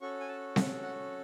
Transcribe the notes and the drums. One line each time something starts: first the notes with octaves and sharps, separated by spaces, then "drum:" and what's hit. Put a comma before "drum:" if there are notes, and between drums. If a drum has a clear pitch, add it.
C#4 F#4 A4 C#6
G#5
A5
F#5, drum: snare C4
F#5